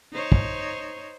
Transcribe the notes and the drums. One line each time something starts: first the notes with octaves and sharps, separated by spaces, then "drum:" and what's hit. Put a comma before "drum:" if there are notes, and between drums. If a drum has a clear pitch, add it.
D#4 C5 C#5
drum: kick